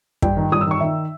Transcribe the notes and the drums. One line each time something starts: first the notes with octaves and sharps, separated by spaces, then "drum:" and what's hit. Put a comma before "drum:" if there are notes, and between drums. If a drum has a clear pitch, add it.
G2 G5, drum: kick
D#3
G2 D#6
E6
D#3 C#6
D#3 E5